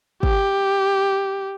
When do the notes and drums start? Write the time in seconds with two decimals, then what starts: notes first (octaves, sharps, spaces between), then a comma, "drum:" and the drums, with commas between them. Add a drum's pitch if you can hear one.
0.23 G4, drum: kick